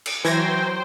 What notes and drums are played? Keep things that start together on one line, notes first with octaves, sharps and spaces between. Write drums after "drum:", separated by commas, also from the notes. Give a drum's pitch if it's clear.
drum: cymbal
E3 F#3 C5 G5 G#6 A#6